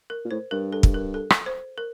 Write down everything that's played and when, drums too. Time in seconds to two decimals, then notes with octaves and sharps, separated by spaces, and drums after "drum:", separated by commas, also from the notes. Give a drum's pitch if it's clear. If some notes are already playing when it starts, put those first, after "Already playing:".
0.10 A#4
0.25 A#2
0.31 A2 C5
0.51 G2 A#4
0.72 A4
0.83 drum: kick
0.94 A#4
1.14 A4
1.30 drum: rim click
1.46 C5
1.78 A#4